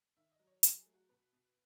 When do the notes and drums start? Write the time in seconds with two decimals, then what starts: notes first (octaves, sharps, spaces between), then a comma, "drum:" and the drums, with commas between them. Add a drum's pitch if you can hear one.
0.17 D#3 E5
0.32 D#5
0.39 F#3
0.47 C#5
0.63 F#3 A4, drum: hi-hat
0.78 G#4
0.86 A3
0.94 F#4
1.09 B2 B4
1.33 B2